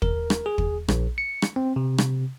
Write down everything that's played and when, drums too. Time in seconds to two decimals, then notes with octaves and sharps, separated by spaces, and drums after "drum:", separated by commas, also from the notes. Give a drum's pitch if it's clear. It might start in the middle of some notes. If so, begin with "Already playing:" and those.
0.02 A#4, drum: kick
0.30 drum: rim click
0.46 G#4
0.58 drum: kick
0.88 A#1, drum: rim click
1.18 C#7
1.42 drum: rim click
1.56 C4
1.76 C3
1.98 drum: rim click